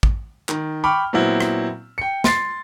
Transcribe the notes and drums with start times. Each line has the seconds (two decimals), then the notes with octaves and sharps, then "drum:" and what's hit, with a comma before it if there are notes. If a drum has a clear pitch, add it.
0.03 drum: kick
0.49 D#3, drum: clap
0.84 G5 B5 C#6 D6 F6
1.13 A#2 F#3 B3 C4 E4
1.40 drum: rim click
1.98 G5 C#7
2.24 C6 A6 C7, drum: snare